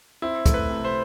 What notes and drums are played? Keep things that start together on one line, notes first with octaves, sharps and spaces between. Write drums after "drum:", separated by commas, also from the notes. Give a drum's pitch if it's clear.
C4 E4
A3, drum: kick, hi-hat
B4
C3
C5